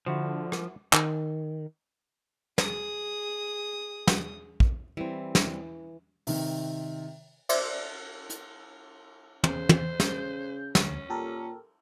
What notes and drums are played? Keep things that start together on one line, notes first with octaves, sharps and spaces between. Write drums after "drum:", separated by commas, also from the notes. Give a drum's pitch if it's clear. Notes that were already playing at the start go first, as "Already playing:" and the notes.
D3 F3 E4 F#4 C5
drum: rim click
D#3, drum: clap
G#4 D#6, drum: snare
drum: snare
drum: kick
E3 G3 C4
drum: snare
C3 D#3, drum: open hi-hat
C5 D5 E5, drum: cymbal
drum: hi-hat
C#3 C5, drum: tom
drum: tom
C#3 G6, drum: snare
D2 C#4, drum: snare
A#2 G4 A4 A#4